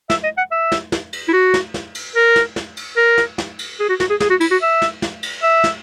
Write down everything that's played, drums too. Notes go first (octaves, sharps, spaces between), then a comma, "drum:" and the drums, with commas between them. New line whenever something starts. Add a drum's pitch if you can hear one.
E5, drum: snare
D#5
F#5
E5
drum: snare
drum: snare
drum: cymbal
E4
F#4
drum: snare
drum: snare
drum: cymbal
A#4
drum: snare
drum: snare
drum: cymbal
A#4
drum: snare
drum: snare
drum: cymbal
G#4
F#4
F#4, drum: snare
G#4
G#4, drum: snare
F#4
E4, drum: cymbal
F#4
E5
drum: snare
drum: snare
drum: cymbal
E5
drum: snare